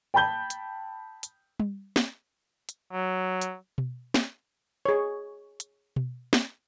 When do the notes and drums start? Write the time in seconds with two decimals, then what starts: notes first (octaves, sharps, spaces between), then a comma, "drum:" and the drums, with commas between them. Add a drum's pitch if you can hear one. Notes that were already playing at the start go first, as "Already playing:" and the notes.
0.14 G5 A5 B5 G6 G7
0.50 drum: hi-hat
1.23 drum: hi-hat
1.60 drum: tom G3
1.96 drum: snare
2.69 drum: hi-hat
2.92 F#3
3.42 drum: hi-hat
3.78 drum: tom B2
4.14 drum: snare
4.86 G#4 C#5
5.60 drum: hi-hat
5.96 drum: tom B2
6.33 drum: snare